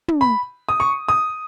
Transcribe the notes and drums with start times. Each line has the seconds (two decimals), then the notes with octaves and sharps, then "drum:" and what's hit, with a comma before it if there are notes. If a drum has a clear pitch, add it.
0.08 drum: tom
0.21 B5
0.69 D#6
0.80 C#6
1.08 D#6